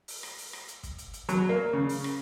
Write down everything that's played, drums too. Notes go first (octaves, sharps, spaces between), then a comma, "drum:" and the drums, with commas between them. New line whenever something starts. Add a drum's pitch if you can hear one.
drum: open hi-hat
drum: rim click
drum: open hi-hat
drum: rim click
drum: hi-hat
drum: kick, hi-hat
drum: hi-hat
drum: hi-hat
F#3, drum: hi-hat
A#3
C#3
drum: open hi-hat
drum: rim click